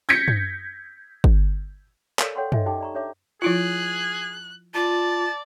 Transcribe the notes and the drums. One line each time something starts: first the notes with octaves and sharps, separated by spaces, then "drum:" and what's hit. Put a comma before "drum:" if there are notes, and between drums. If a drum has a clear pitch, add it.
G6 G#6 A#6 B6 C#7
drum: tom
drum: kick G1
A4 A#4 C#5 D5 F5 G#5, drum: clap
A4 C#5 F#5 G5 C6 C#6
A4 D#5 E5 G#5, drum: tom
D#4 G4 A4 G5 A5 D6
D5 A#5 C#6
D4 G4 C#5 E5 D6
F3 E4 F4 G#4 F#6
F4 D5 A5